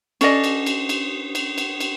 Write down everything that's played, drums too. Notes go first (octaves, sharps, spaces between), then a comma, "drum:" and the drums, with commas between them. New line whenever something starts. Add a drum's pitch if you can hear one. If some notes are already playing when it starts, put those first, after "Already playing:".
C#4 A4 D5 D#5, drum: cymbal
drum: cymbal
drum: cymbal
drum: cymbal
drum: cymbal
drum: cymbal
drum: cymbal